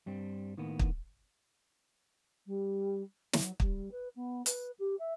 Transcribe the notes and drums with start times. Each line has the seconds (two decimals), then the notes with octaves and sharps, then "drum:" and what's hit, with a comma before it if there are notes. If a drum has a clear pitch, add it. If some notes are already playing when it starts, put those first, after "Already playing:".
0.06 G2 G3 C4
0.57 A2 D#3 A#3 B3
0.79 drum: kick
2.46 G3
3.33 F#3, drum: snare
3.60 G3, drum: kick
3.91 B4
4.16 B3
4.46 B4, drum: hi-hat
4.79 G4
4.99 E5